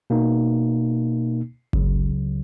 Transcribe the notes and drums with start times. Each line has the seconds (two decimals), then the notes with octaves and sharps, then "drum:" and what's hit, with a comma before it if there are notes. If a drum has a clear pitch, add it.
0.10 B2 A#3 D#4
1.73 C#2 C#3 F#3, drum: kick G1